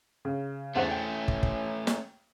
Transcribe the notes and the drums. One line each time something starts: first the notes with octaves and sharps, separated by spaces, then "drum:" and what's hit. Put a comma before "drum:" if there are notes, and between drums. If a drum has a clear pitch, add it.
C#3
E2 A3 C#4 C5 F#5
G5
drum: kick
drum: kick
drum: snare